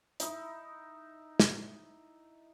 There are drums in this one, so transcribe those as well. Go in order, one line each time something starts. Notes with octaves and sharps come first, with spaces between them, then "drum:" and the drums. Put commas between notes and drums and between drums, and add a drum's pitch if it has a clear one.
D#4 E4 E5 D#6, drum: hi-hat
drum: snare